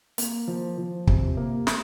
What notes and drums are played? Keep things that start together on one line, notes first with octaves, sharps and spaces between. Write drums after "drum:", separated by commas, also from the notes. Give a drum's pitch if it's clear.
A#3, drum: hi-hat
F3
F3
C3, drum: kick
A#3
A#3, drum: snare